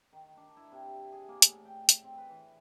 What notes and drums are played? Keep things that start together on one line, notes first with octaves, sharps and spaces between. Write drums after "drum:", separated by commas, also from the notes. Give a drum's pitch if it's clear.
D#3
D4
E4
C3
G#4
A#3
A2, drum: hi-hat
G5
drum: hi-hat
C4
B4
E3